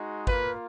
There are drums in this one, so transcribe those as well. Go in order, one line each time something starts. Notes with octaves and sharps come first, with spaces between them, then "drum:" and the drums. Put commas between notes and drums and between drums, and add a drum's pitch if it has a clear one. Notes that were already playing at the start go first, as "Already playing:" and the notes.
Already playing: G#3 D#4 F#4
A#3 F4 B4, drum: kick G#1